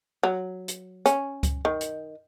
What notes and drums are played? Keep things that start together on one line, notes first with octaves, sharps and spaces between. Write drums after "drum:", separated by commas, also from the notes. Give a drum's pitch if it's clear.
F#3
drum: hi-hat
C#4, drum: hi-hat
drum: kick C#2, hi-hat
D#3
drum: hi-hat